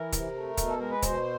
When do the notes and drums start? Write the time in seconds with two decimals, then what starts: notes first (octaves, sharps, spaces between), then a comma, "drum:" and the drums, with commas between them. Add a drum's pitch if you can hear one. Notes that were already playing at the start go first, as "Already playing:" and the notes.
Already playing: E3 A#4
0.13 C3, drum: kick, hi-hat
0.34 A3
0.58 B2, drum: kick, hi-hat
0.67 A4
0.79 G#3 A#4
0.91 B4
1.03 B2 C5, drum: kick, hi-hat